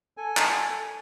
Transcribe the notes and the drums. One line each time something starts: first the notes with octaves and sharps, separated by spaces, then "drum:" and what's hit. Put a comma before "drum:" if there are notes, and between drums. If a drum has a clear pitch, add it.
A4 G#5
drum: clap